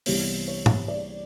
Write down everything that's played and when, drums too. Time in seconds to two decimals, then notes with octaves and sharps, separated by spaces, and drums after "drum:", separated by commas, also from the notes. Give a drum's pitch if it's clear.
0.06 C2 C3 E3 G3 B3 C#5, drum: open hi-hat
0.48 C#5
0.66 drum: tom G#2
0.88 D5